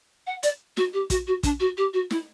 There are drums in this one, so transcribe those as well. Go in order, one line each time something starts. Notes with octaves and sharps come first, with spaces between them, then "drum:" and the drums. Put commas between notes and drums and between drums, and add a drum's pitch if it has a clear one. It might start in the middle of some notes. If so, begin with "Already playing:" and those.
F#5
D5, drum: hi-hat
F#4, drum: snare
G4
F#4, drum: kick, hi-hat
F#4
D4, drum: kick, hi-hat
F#4
G4
F#4
E4, drum: snare